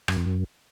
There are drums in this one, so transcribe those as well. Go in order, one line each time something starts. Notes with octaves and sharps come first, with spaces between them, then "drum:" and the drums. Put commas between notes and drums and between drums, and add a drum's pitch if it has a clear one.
F#2, drum: rim click
F2
F#2